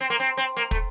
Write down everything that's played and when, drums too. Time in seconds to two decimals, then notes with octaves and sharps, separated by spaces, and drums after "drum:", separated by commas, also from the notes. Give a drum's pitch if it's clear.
0.01 C4
0.10 A#3
0.20 C4
0.37 C4
0.57 A#3, drum: hi-hat
0.71 A3, drum: kick, hi-hat